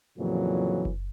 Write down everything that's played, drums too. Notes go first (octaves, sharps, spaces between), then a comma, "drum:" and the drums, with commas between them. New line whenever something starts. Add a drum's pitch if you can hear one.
F2 A#2 C#3 E3 F#3
drum: kick F#1